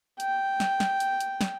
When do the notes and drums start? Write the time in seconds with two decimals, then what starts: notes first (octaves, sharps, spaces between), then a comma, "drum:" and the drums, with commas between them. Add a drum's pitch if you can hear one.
0.20 G5, drum: hi-hat
0.60 drum: snare
0.80 drum: snare
1.00 drum: hi-hat
1.20 drum: hi-hat
1.41 drum: snare